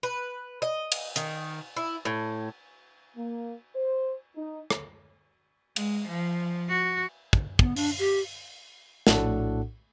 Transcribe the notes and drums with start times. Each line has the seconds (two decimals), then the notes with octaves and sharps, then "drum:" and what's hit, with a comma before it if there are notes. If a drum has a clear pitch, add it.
0.03 B4
0.62 D#5
0.92 drum: cymbal
1.16 D#3, drum: hi-hat
1.77 E4
2.05 A2
3.16 A#3
3.76 C5
4.37 D#4
4.71 drum: rim click
5.76 G#3, drum: cymbal
6.08 F3
6.69 F#4
7.33 drum: kick
7.59 B3, drum: kick
7.76 D4, drum: open hi-hat
7.99 G4
9.07 A#1 A2 D4 F#4 A4 F#5, drum: snare